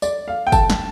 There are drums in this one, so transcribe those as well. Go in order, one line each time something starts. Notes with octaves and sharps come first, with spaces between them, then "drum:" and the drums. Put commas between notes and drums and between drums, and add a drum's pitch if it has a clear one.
D5, drum: tambourine
F5
G5
A5, drum: kick F#1, tambourine
drum: snare